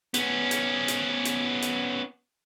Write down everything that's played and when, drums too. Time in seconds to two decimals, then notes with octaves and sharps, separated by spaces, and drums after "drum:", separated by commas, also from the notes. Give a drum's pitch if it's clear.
0.14 B3 C#4, drum: hi-hat
0.51 drum: hi-hat
0.88 drum: hi-hat
1.25 drum: hi-hat
1.62 drum: hi-hat